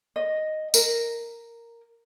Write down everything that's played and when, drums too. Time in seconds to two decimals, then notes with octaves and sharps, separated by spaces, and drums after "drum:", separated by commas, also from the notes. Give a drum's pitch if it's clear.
0.16 D#5
0.74 A#4, drum: tambourine